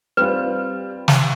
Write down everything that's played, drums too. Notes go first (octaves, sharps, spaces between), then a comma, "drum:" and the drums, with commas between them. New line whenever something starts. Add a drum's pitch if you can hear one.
G3 C4 F4 B4
drum: snare